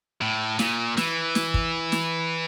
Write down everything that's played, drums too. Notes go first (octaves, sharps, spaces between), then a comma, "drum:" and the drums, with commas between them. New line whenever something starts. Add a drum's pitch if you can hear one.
A2
A#2, drum: snare
E3, drum: snare
drum: snare
drum: kick
drum: snare